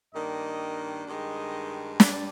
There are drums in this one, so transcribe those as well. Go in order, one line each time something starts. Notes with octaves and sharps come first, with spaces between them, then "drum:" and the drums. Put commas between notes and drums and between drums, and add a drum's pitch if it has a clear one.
G2 D#3 A#3 D4 D#5
G2 D#3 G#3 D#5
G2 D5, drum: snare